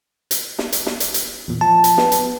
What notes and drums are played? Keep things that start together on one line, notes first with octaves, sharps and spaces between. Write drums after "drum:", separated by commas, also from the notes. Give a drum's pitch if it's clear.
drum: hi-hat
drum: snare
drum: hi-hat
drum: snare
drum: hi-hat
drum: hi-hat
E2 A#2
F3 A5
drum: hi-hat
B3, drum: snare
drum: hi-hat